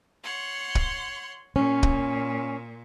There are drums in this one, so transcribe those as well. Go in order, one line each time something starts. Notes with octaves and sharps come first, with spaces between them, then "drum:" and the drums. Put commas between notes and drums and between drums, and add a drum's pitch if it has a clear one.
C#5 F#5 C6
drum: kick
A#2 C#4
drum: kick